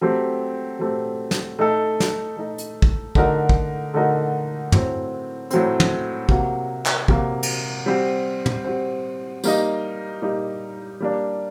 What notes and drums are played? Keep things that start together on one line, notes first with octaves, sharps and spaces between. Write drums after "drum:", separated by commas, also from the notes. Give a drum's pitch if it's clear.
F#3 A3 C4 G4
F#3 A3 C4 G4
drum: snare
A3 D#4 A4
drum: snare
A3 D#4 A4
drum: hi-hat
drum: kick
D3 A3 D#4 F#4 A#4, drum: kick
drum: kick
D3 A3 D#4 F#4 A#4
A2 F#3 C4, drum: tom
A2 F#3 C4, drum: hi-hat
drum: tom
C3 F#3 A#3 F#4, drum: kick
drum: clap
C3 F#3 A#3 F#4, drum: kick
drum: cymbal
G3 C4 F#4 C5
drum: tom
G3 C4 F#4 C5
G3 A#3 D#4, drum: tambourine
G3 A#3 D#4
G3 A#3 D4